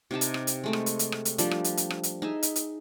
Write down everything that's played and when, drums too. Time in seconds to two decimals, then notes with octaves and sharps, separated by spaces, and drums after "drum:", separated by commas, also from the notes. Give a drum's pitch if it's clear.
0.11 C3 D#4 G4 A5
0.21 drum: hi-hat
0.34 drum: rim click
0.47 drum: hi-hat
0.64 G#3 A3 C4
0.73 drum: rim click
0.86 drum: hi-hat
0.99 drum: hi-hat
1.12 drum: rim click
1.25 drum: hi-hat
1.38 F3 G3 D4, drum: hi-hat
1.51 drum: rim click
1.64 drum: hi-hat
1.77 drum: hi-hat
1.90 drum: rim click
2.03 drum: hi-hat
2.22 D#4 G#4 E5
2.43 drum: hi-hat
2.56 drum: hi-hat